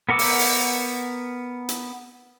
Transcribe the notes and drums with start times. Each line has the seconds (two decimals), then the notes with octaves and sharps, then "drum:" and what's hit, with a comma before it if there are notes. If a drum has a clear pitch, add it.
0.09 B3 A#4 F#5 D6 E6
0.19 drum: open hi-hat
0.39 drum: open hi-hat
1.69 drum: hi-hat